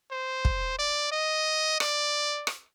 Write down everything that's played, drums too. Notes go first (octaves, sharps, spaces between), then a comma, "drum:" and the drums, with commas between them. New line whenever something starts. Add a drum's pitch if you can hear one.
C5
drum: kick
D5
D#5
D5, drum: rim click
drum: rim click